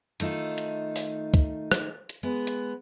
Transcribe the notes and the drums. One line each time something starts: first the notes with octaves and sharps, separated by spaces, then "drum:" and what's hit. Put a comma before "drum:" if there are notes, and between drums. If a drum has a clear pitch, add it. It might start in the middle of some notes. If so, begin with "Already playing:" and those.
D#3 A3 D#4 F4, drum: hi-hat
drum: hi-hat
drum: open hi-hat
drum: kick, hi-hat
drum: rim click
drum: hi-hat
G#3 B3
drum: hi-hat